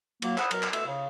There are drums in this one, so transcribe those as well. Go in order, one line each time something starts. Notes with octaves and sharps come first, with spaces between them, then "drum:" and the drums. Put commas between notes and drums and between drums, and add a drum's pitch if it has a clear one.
F#3 A#3, drum: cymbal
C5 F#5 B5 D#6 E6, drum: clap
B2 F#3 A#4, drum: cymbal
drum: clap
B2 A3 A4 E6, drum: cymbal
C#3